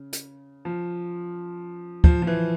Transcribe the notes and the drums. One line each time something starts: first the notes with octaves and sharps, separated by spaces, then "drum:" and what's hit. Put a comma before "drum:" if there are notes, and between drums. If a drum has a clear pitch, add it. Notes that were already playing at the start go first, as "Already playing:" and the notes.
Already playing: C#3
drum: hi-hat
F3
F3, drum: kick
F3
E3